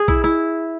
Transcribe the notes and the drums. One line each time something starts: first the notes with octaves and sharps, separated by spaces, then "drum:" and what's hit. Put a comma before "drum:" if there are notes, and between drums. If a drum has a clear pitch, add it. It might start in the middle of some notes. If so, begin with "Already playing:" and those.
Already playing: G#4
E4, drum: kick
E4